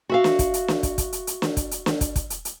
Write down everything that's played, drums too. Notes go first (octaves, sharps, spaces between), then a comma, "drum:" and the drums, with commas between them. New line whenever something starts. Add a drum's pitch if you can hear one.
F#4 E5 F5
drum: snare
drum: kick, hi-hat
drum: hi-hat
drum: snare
drum: kick, hi-hat
drum: kick, hi-hat
drum: hi-hat
drum: hi-hat
drum: snare
drum: kick, hi-hat
drum: hi-hat
drum: snare
drum: kick, hi-hat
drum: kick, hi-hat
drum: hi-hat
drum: hi-hat